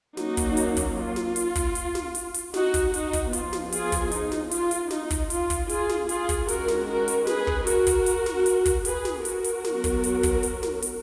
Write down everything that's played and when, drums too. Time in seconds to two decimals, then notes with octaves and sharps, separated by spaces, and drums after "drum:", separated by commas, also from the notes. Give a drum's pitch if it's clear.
0.17 F#3 A#3 C#4 D#4 F#4, drum: snare
0.37 drum: kick, hi-hat
0.57 drum: hi-hat
0.77 drum: kick, hi-hat
0.96 F4
1.16 drum: snare
1.36 drum: hi-hat
1.55 drum: kick, hi-hat
1.75 drum: hi-hat
1.95 drum: snare
2.15 drum: hi-hat
2.34 drum: hi-hat
2.54 D#4 F#4, drum: snare
2.74 drum: kick, hi-hat
2.94 D#4 F#4, drum: hi-hat
3.13 drum: kick, hi-hat
3.33 F3 B3 F4, drum: hi-hat
3.53 drum: snare
3.72 F4 G#4, drum: hi-hat
3.92 drum: kick, hi-hat
4.12 D#4, drum: hi-hat
4.32 drum: snare
4.51 F4, drum: hi-hat
4.71 drum: hi-hat
4.91 D#4, drum: snare
5.10 drum: kick, hi-hat
5.30 F4, drum: hi-hat
5.50 drum: kick, hi-hat
5.69 F4 G#4, drum: hi-hat
5.89 drum: snare
6.09 F4 G#4, drum: hi-hat
6.29 drum: kick, hi-hat
6.48 D#3 G#3 C#4 F#4 A#4, drum: hi-hat
6.68 drum: snare
6.87 F#4 A#4
7.08 drum: hi-hat
7.27 G#4 B4, drum: snare
7.47 drum: kick
7.67 F#4 A#4, drum: hi-hat
7.87 drum: kick, hi-hat
8.06 drum: hi-hat
8.26 drum: snare
8.46 drum: hi-hat
8.65 drum: kick, hi-hat
8.85 G#4 B4, drum: hi-hat
9.05 drum: snare
9.25 F#4 A#4, drum: hi-hat
9.44 drum: hi-hat
9.64 F#3 B3, drum: snare
9.84 drum: kick, hi-hat
10.04 drum: hi-hat
10.23 drum: kick, hi-hat
10.43 drum: hi-hat
10.63 drum: snare
10.82 drum: hi-hat